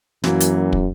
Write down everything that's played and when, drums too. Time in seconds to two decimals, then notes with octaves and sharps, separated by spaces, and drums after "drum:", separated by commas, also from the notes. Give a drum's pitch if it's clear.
0.24 F#2 E3 F#3 A#3, drum: snare
0.40 drum: hi-hat
0.73 drum: kick